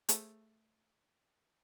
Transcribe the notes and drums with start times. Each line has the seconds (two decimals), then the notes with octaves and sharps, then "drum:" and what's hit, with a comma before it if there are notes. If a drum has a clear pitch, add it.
0.09 A3 G#4 C5 A5, drum: hi-hat